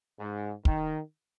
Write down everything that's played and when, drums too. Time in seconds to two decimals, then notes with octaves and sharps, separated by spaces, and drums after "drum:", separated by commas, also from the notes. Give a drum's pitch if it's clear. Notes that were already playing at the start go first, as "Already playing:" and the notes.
0.19 G#2
0.65 D#3, drum: kick